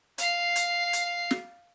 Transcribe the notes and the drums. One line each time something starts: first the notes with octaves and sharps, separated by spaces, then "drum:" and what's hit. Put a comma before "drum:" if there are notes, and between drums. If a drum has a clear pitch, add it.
F5 C7, drum: hi-hat
drum: hi-hat
drum: hi-hat
drum: snare